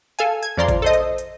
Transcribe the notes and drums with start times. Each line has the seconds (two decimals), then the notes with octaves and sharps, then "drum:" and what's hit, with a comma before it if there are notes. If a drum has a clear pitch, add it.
0.19 A4 F5 G#5, drum: hi-hat
0.43 G#6, drum: hi-hat
0.57 F2 F3 D5 A#5 C6
0.68 drum: kick G#1, hi-hat
0.82 A4 C5 D#5
0.93 drum: hi-hat
1.18 drum: hi-hat